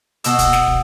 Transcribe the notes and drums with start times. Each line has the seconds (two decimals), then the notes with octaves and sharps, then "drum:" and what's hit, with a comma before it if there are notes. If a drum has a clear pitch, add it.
0.24 B2 E6, drum: hi-hat
0.39 drum: kick, hi-hat
0.53 drum: snare
0.67 drum: kick